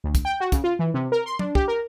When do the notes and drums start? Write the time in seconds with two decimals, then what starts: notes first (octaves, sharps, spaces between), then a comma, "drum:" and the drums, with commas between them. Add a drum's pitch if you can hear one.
0.04 D2
0.15 drum: kick, hi-hat
0.25 G5
0.40 F#4
0.52 C#3, drum: kick, hi-hat
0.64 F4
0.79 E3
0.94 C3
1.12 A#4
1.26 C6
1.39 D4, drum: tom F#3
1.55 G4, drum: kick
1.68 A#4